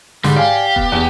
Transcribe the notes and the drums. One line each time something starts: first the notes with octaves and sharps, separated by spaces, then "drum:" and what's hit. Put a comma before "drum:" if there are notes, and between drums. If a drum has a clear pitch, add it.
G#2 D3 G3, drum: snare
G4 D5 F5 G#5
B3, drum: kick D#1
E2